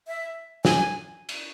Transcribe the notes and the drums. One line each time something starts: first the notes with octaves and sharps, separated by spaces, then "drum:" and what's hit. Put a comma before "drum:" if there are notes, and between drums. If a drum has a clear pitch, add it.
E5
G#5, drum: snare
drum: cymbal